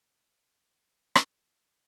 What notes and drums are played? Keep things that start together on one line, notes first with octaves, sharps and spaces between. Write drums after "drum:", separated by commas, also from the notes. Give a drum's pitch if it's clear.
G#2 E3 C#4
drum: rim click